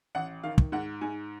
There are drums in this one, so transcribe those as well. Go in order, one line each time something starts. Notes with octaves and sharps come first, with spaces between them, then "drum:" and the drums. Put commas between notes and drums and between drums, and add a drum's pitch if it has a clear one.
A1 F#5
D#3 F5
drum: kick
G#2 F#5
G#2 G#5